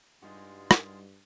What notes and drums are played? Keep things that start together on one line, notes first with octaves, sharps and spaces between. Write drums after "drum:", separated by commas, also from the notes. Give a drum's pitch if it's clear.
G2 G3 G#3 D#4 F4 F#4 G#4
drum: rim click